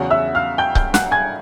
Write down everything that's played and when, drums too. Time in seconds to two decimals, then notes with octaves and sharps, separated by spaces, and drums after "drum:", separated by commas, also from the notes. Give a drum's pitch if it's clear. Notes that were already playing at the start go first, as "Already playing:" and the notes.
Already playing: E2 C#3 F#3 F#5 F#6
0.10 E5 E6
0.35 F5 F6
0.58 G5 G6
0.75 G5 G6, drum: kick C#1
0.94 F#5 F#6, drum: snare
1.11 G#5 G#6